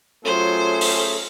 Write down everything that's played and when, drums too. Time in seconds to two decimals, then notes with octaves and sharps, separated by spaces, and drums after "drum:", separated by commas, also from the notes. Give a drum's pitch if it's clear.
0.25 F#3 A3 C#4 F4 G#4 C5
0.81 drum: open hi-hat